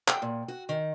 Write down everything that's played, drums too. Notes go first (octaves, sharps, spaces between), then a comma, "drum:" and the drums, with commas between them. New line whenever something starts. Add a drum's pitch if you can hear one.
G5, drum: clap
A#2
F#4
D#3